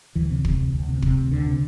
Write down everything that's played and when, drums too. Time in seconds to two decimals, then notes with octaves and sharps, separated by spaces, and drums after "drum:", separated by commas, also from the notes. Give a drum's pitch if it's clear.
0.15 D2 E3
0.31 C3
0.45 C3, drum: kick
0.60 D2
0.73 D2
0.89 C3
1.02 C3, drum: kick
1.17 D2
1.31 D2 D3
1.46 C3